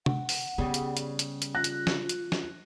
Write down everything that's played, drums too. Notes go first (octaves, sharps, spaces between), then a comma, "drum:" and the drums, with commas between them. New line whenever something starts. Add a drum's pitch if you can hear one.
F#5, drum: tom
drum: open hi-hat
C#3 G3 B3
drum: hi-hat
drum: hi-hat
drum: hi-hat
drum: hi-hat
F4 F#6 A#6
drum: hi-hat
drum: snare
drum: hi-hat
drum: snare